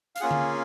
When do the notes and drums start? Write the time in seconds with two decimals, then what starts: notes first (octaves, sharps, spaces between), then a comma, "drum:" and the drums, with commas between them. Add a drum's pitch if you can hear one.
0.16 F5, drum: hi-hat
0.20 A#3 C#4 F4 G#4 F#5
0.31 drum: tom D3